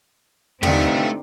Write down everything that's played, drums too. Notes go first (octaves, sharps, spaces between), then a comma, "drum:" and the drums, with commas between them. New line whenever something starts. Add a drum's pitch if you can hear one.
C2 G2 D3 A3 C4 D#4 F4 G4, drum: tom